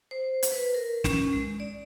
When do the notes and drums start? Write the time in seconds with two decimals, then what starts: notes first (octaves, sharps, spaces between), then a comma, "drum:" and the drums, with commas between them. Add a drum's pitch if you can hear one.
0.11 C5
0.43 drum: hi-hat
0.52 B4
0.74 A#4
1.04 C#4, drum: snare
1.33 G#3
1.60 D5